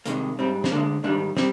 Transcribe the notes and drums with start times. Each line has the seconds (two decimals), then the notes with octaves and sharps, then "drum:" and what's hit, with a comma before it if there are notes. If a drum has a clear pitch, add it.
0.06 C2 C3 D#3 G#3 A#3, drum: hi-hat
0.39 G#2 G3 C4
0.64 C4, drum: snare
0.71 D2 D3 G#3 A#3 D4
1.04 G#2 D#3 G3 A#3 D4
1.37 G3 C4, drum: snare